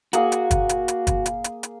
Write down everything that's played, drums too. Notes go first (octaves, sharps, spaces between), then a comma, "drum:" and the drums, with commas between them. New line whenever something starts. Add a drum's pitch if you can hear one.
A#3 F#4 G#4 G#5, drum: hi-hat
drum: hi-hat
drum: kick, hi-hat
drum: hi-hat
drum: hi-hat
drum: kick, hi-hat
drum: hi-hat
drum: hi-hat
drum: hi-hat